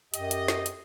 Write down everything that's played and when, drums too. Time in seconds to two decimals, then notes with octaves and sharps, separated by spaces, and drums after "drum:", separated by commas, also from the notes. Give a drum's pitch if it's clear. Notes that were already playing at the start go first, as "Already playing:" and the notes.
0.14 F#2 G4 D#5, drum: hi-hat
0.31 drum: hi-hat
0.48 drum: snare
0.66 drum: hi-hat